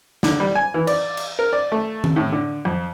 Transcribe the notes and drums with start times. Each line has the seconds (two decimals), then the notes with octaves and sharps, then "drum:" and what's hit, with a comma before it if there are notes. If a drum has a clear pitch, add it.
0.23 D3, drum: snare
0.40 G3
0.55 G#5
0.74 E3
0.87 D5, drum: cymbal
1.17 drum: cymbal
1.39 A#4
1.53 D5
1.72 A3
2.04 drum: tom D#3
2.16 A2
2.32 D3
2.65 F2